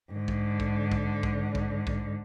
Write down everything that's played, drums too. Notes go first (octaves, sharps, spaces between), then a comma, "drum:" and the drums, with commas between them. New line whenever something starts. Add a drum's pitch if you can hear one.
G#2 D3
drum: kick A#1
drum: kick A#1
drum: kick A#1
drum: kick A#1
drum: kick A#1
drum: kick A#1